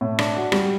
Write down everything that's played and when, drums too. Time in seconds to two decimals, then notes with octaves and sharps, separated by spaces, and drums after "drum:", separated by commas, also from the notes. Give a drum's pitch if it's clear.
0.01 A2
0.19 D4, drum: rim click
0.36 F#4
0.52 G3, drum: rim click